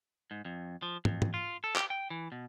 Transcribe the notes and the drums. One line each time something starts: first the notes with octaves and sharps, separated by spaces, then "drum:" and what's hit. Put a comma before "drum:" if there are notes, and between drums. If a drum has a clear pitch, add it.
G#2
F2
F3
F2, drum: tom
drum: tom
F4
A4
G4, drum: clap
G5
E3
B2